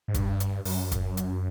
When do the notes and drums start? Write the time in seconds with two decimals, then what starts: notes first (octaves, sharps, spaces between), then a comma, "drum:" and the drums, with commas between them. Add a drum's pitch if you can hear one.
0.08 G#2
0.14 G2, drum: kick F1, hi-hat
0.40 drum: hi-hat
0.65 F#2, drum: open hi-hat
0.91 drum: kick F1, hi-hat
1.17 drum: hi-hat